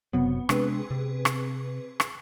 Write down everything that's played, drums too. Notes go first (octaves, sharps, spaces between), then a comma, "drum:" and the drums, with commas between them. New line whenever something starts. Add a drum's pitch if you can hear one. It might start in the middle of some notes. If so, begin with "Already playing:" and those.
F#1 C3 F#3 B3
C3 G#3 C4 D4 G#4 B4, drum: rim click
C3
drum: rim click
drum: rim click